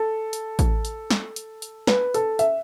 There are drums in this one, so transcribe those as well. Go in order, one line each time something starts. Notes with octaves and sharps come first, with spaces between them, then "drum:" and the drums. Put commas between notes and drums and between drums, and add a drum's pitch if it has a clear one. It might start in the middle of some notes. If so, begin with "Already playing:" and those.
Already playing: A4
drum: hi-hat
drum: kick A1, hi-hat
drum: hi-hat
drum: snare
drum: hi-hat
drum: hi-hat
B4, drum: snare
A4, drum: hi-hat
E5, drum: hi-hat